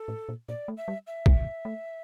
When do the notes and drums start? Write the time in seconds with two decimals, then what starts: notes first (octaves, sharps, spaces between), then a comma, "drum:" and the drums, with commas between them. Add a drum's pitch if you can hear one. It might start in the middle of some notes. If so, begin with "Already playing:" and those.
Already playing: A4
0.08 A2
0.29 A#2
0.49 A#2 D5
0.68 A3
0.77 E5
0.88 G3
1.07 E5
1.26 G3, drum: kick
1.65 A3